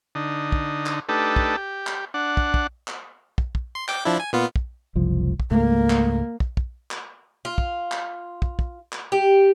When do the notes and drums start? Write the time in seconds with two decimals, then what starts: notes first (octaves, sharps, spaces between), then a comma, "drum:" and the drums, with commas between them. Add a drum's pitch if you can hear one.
0.15 D3 D#4
0.52 drum: kick
0.86 drum: clap
1.09 A3 D4 D#4 G4 A4 B4
1.36 drum: kick
1.56 G4
1.87 drum: clap
2.14 D4 F#5
2.37 drum: kick
2.54 drum: kick
2.88 drum: clap
3.38 drum: kick
3.55 drum: kick
3.75 C6
3.88 G5 D6, drum: clap
4.05 F3 D4 E4
4.20 G#5
4.33 A#2 B3 F4
4.56 drum: kick
4.95 F#1 C2 F3
5.40 drum: kick
5.51 C#2 G#2 A3 A#3
5.90 drum: clap
6.40 drum: kick
6.57 drum: kick
6.91 drum: clap
7.45 F4
7.58 drum: kick
7.92 drum: clap
8.42 drum: kick
8.59 drum: kick
8.92 drum: clap
9.12 G4